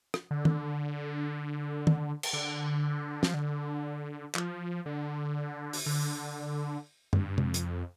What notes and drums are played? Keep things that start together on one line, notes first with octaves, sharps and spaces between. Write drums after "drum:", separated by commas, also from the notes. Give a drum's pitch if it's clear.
drum: rim click
D3
drum: tom
drum: tom
drum: cymbal
D3
F3, drum: snare
D3
F3, drum: clap
D3
drum: open hi-hat
D3
G2, drum: tom F#2
F2, drum: tom C3
drum: hi-hat